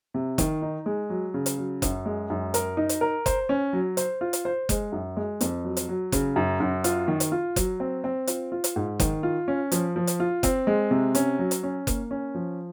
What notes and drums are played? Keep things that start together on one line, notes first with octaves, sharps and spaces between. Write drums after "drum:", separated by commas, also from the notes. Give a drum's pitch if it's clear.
C3
D#3, drum: kick F#1, hi-hat
D#4
G#3
F#3
C#3
drum: hi-hat
F#3
F#2, drum: kick F#1, hi-hat
G#3
F#2
A#4, drum: hi-hat
D#4
drum: hi-hat
A#4
C5, drum: kick F#1, hi-hat
C#4
F#3
C5, drum: hi-hat
F4
drum: hi-hat
C5
G#3, drum: kick F#1, hi-hat
F#2
G#3
F2, drum: hi-hat
F#3
drum: hi-hat
F#3
C#3, drum: kick F#1, hi-hat
F#2
F#2
F4, drum: hi-hat
D#3
drum: hi-hat
F4
F#3, drum: kick F#1, hi-hat
C4
C4
F4, drum: hi-hat
F4
drum: hi-hat
G#2
D#3, drum: kick F#1, hi-hat
F4
C#4
F3, drum: hi-hat
F3
drum: hi-hat
F4
C4, drum: kick F#1, hi-hat
G#3
C3
C#4, drum: hi-hat
F#3
drum: hi-hat
C#4
A#3, drum: kick F#1, hi-hat
C#4
F3